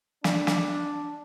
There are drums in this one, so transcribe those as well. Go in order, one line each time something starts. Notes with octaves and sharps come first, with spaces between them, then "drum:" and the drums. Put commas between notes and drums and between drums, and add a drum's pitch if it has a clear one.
D4, drum: snare
drum: snare